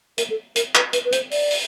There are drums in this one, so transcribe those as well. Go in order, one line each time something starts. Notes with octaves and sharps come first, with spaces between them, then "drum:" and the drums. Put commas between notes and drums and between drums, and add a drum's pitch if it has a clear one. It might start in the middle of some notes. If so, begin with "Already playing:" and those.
A#4, drum: hi-hat
A4
A#4, drum: hi-hat
B4, drum: clap
B4, drum: hi-hat
B4
C5, drum: hi-hat
D5, drum: open hi-hat
drum: open hi-hat